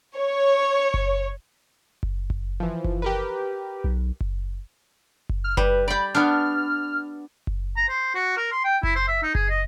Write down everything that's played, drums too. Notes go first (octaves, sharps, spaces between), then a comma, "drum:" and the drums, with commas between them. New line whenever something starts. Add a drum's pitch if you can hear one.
C#5
drum: kick F#1
drum: kick F#1
drum: kick F#1
E3 F3
drum: kick F#1
G4 A#4 B4
B1
drum: kick F#1
drum: kick F#1
F6
G3 B4, drum: kick F#1
D5 G5 B5
B3 D4 F6
drum: kick F#1
A#5
C5
F#4
A#4
C6
G5
E4, drum: kick F#1
C5
E5
D#4
G#4, drum: kick F#1
D#5